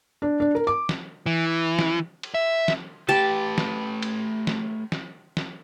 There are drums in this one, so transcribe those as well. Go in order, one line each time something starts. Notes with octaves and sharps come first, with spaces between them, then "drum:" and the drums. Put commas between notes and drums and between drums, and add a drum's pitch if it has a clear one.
D4
D4
A#4
D6
drum: snare
E3
drum: snare
drum: cymbal
E5
drum: snare
A3 G4 B4 A5
drum: snare
drum: cymbal
drum: snare
drum: snare
drum: snare